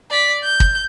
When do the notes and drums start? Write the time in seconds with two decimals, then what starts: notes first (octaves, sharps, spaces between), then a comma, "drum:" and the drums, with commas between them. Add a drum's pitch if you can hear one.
0.10 D5 B6
0.44 G6
0.60 drum: kick